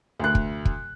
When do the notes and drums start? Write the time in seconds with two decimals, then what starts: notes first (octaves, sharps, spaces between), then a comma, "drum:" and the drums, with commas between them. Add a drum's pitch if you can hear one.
0.20 D2 F#6
0.35 drum: kick
0.65 drum: kick